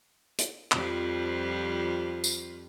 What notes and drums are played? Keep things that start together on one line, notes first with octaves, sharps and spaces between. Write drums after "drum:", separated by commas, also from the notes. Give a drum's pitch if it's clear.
drum: hi-hat
F2 F3 G3, drum: clap
drum: tambourine